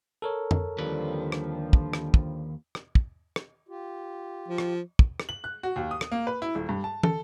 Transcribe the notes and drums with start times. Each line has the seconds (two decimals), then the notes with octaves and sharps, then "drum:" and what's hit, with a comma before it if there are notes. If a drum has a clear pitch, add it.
0.22 A4 A#4 C#5
0.51 drum: tom F2
0.78 D#2 D3 F3 G3 B4
1.32 drum: rim click
1.73 drum: kick
1.93 drum: rim click
2.14 drum: kick
2.75 drum: rim click
2.95 drum: kick
3.36 drum: rim click
3.68 F4 G4
4.48 F3
4.58 drum: rim click
4.99 drum: kick
5.20 drum: rim click
5.29 F#7
5.44 F#6
5.63 F#4
5.76 D#2
5.91 D#6
6.01 drum: rim click
6.12 A#3
6.27 B4
6.42 E4
6.55 D#1
6.69 G2
6.84 A5
7.03 A4, drum: tom